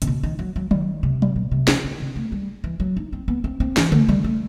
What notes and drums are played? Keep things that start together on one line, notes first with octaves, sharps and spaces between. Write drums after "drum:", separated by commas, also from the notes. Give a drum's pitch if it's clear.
C3, drum: hi-hat
B2
D#3
F#3
F#3
D#3, drum: tom F#3
C3
drum: tom F#3
B2
C3
E3, drum: snare
D#3
C3
A3
G3
E3
F#3
D#4
C4
B3
C4
C4
E3, drum: snare
A3, drum: tom C#3
G3
A3